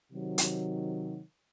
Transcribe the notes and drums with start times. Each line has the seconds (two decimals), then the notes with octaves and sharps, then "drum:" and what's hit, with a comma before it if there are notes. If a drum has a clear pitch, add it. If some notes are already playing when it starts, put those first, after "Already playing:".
0.13 C3 D#3 F#3
0.38 drum: hi-hat